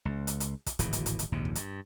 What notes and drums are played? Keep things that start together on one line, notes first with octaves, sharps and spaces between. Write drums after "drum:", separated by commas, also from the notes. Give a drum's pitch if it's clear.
C#2
drum: hi-hat
drum: hi-hat
drum: kick, hi-hat
D1 G#1 B2 E3, drum: hi-hat
drum: hi-hat
drum: hi-hat
drum: hi-hat
A#1 D#2 G#2 C3
drum: kick
G2, drum: hi-hat